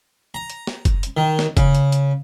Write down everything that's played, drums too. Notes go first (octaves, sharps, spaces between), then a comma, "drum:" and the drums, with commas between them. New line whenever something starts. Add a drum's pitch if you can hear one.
A#5
drum: hi-hat
drum: snare
drum: kick F#1, hi-hat
drum: hi-hat
D#3
drum: snare
C#3, drum: kick F#1, hi-hat
drum: hi-hat
drum: hi-hat